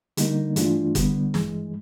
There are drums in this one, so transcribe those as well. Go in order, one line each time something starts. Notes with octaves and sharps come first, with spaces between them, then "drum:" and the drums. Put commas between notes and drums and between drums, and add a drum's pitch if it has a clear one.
D3 G3 A#3 D#4, drum: hi-hat
G2 E3 A3 D4 F4, drum: hi-hat
D3 G3 B3, drum: kick F#1, hi-hat
G2 E3 G#3, drum: snare